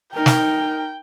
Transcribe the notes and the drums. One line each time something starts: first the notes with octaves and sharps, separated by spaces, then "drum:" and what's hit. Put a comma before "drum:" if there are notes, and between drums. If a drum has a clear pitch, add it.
D#4 A#4 G5
drum: snare